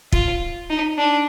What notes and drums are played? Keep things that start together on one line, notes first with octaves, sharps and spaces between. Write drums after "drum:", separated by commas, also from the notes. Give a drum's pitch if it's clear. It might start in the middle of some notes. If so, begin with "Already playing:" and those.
F4, drum: kick
D#4
D4